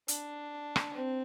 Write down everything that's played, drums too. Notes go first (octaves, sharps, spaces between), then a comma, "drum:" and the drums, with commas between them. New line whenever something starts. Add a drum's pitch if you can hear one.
D4, drum: hi-hat
drum: rim click
C4